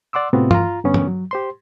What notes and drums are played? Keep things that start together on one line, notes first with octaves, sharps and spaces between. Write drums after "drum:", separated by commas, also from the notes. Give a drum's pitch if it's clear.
D5 F#5 C6 D6 E6
A2 C3 B3 C4 F4 F#4
F4 A#5, drum: tom
G2 D3 B3 C#4
drum: tom
F#3
G4 C5 C6